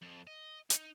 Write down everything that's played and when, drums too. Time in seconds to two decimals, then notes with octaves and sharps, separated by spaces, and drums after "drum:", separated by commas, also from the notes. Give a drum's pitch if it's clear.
0.02 F2
0.27 D#5
0.70 D#4, drum: hi-hat